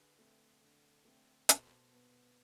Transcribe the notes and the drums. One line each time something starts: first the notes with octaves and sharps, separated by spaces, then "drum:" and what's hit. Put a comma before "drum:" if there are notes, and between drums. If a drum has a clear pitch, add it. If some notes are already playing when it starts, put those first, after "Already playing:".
Already playing: D3 G#4 B4
A3 C4
D3
A3 C4
B2 A4 C5, drum: hi-hat
B3